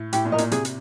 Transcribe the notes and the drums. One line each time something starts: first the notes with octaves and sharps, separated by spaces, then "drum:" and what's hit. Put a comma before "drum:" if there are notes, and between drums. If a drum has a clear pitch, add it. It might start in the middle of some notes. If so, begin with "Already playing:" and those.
Already playing: A2
A2 G4, drum: hi-hat
A#2
A#4 D#5
A#2, drum: hi-hat
C3 G#4, drum: hi-hat
drum: hi-hat